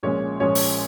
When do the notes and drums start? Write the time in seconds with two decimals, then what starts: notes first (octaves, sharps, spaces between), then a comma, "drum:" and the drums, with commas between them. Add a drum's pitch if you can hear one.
0.03 A#1 A#2 G#3 C#4 C#5
0.40 A#1 A#2 F3 G#3 C#4 C#5
0.55 drum: open hi-hat